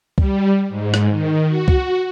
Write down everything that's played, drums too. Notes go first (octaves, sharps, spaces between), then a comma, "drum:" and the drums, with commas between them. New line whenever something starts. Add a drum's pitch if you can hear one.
G3, drum: kick C2
G#2
drum: rim click
D#3
F#4
drum: kick C2